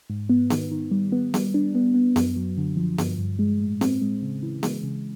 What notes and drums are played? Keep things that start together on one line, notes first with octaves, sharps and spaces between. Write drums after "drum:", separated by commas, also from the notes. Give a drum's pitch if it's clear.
G#2
B3
D#3, drum: snare B3
D#3
G3
B3
G3, drum: snare B3
D4
B3
B3
F#2, drum: snare B3
F#3
D3
F3
G2, drum: snare B3
G2
G#3
A2
C4, drum: snare B3
G#3
C#3
E3
G#3, drum: snare B3
C#3